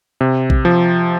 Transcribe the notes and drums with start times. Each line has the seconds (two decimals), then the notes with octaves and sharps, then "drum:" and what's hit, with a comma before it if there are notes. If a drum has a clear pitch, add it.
0.21 C3
0.50 drum: kick A#1
0.65 F3